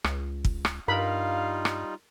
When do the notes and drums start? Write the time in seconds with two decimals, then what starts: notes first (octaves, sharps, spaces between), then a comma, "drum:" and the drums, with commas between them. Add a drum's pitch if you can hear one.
0.04 C#2, drum: rim click
0.45 drum: kick
0.65 drum: rim click
0.88 G2 G3 D#4 F4 A#4 F5 B5
1.65 drum: rim click